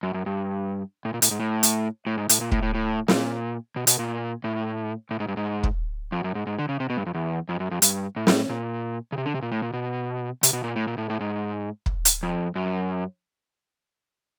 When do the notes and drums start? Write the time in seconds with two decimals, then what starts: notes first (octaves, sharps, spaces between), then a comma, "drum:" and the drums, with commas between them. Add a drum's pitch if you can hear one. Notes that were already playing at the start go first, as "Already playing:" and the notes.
0.03 F#2
0.14 F#2
0.26 G2
1.05 A2
1.14 A#2
1.22 A2, drum: hi-hat
1.31 G#2
1.40 A2
1.63 drum: hi-hat
2.07 A2
2.17 G#2
2.29 A2, drum: hi-hat
2.41 A#2
2.52 A2, drum: kick
2.63 A2
2.74 A2
3.08 A#2, drum: snare
3.76 B2
3.87 B2, drum: hi-hat
3.99 A#2
4.44 A2
5.11 A2
5.20 G#2
5.28 G2
5.37 G#2
5.63 drum: kick
6.12 F2
6.24 F#2
6.35 G#2
6.47 G#2
6.59 D3
6.69 C#3
6.80 C3
6.90 B2
6.97 G2
7.06 F2
7.14 E2
7.49 F2
7.60 F#2
7.71 F2
7.82 G2, drum: hi-hat
8.16 A2
8.27 drum: snare
8.50 A#2
9.12 C#3
9.18 C3
9.26 D3
9.34 C3
9.42 A#2
9.52 A2
9.62 A#2
9.73 B2
10.43 C3, drum: hi-hat
10.53 B2
10.64 A#2
10.76 A2
10.87 A#2
10.98 A2
11.10 A2
11.20 G#2
11.86 drum: kick
12.05 drum: hi-hat
12.23 F2
12.56 F#2